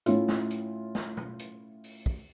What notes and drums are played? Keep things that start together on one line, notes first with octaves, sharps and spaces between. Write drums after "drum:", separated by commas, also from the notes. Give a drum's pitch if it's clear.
A2 C#4 E4 F4, drum: hi-hat
drum: snare
drum: hi-hat
drum: snare
drum: tom
drum: hi-hat
drum: open hi-hat
drum: kick